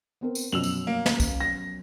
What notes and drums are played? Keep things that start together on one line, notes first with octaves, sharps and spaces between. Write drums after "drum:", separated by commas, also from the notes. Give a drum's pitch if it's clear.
B3 C4 A#4
drum: tambourine
F#2 B2 F3 E6 F7 F#7
drum: tambourine
A#3
drum: snare
drum: kick, tambourine
A#6